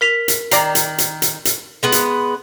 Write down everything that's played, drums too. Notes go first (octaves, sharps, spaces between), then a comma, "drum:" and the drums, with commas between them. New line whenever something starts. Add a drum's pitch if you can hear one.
A#4 B6 F7
drum: hi-hat
D#3 D5 A#5 C7, drum: hi-hat
drum: hi-hat
drum: hi-hat
drum: hi-hat
drum: hi-hat
G#3 B3 B4
drum: hi-hat